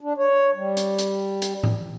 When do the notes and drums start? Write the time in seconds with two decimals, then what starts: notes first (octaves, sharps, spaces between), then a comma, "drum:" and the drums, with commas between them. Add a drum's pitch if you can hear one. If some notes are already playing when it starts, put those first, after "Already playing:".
0.01 D4
0.18 C#5
0.55 G3
0.77 drum: hi-hat
0.98 drum: hi-hat
1.42 drum: hi-hat
1.63 drum: tom A2